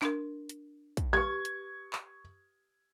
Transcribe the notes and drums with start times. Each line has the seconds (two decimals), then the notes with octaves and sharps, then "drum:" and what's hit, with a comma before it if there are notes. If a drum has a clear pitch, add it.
0.02 D4 A#4, drum: clap
0.49 drum: hi-hat
0.97 drum: kick, hi-hat
1.13 G4 B4 C#6 G#6
1.45 drum: hi-hat
1.93 drum: clap